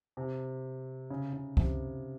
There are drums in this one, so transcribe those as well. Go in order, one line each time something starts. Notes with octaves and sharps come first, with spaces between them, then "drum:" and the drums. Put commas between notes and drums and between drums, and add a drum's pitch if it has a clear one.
C3
C#3
C#3
C3, drum: kick C#2